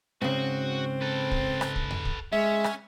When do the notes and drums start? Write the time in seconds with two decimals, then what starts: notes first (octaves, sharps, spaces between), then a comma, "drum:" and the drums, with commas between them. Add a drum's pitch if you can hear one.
0.22 G#2 C#3 C4 F#4
1.02 A4 B4
1.31 drum: kick
1.61 drum: rim click
1.76 drum: kick
1.90 drum: tom E2
2.05 drum: kick
2.32 G#3 C#4 E5
2.64 drum: rim click